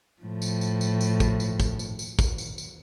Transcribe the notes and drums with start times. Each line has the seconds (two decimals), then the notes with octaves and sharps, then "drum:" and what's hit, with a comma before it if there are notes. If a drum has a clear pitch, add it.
0.22 A2 F3
0.42 drum: tambourine
0.61 drum: tambourine
0.81 drum: tambourine
1.01 drum: tambourine
1.20 drum: kick, tambourine
1.40 drum: tambourine
1.60 drum: kick, tambourine
1.79 drum: tambourine
1.99 drum: tambourine
2.19 drum: kick, tambourine
2.38 drum: tambourine
2.58 drum: tambourine